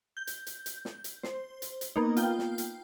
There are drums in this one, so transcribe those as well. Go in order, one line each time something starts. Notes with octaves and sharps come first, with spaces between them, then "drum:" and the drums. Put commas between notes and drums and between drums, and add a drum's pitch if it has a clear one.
G6
drum: hi-hat
drum: hi-hat
drum: hi-hat
drum: snare
drum: hi-hat
C5, drum: snare
drum: hi-hat
drum: hi-hat
A#3 B3 D#4
F4 G5, drum: hi-hat
drum: snare
drum: hi-hat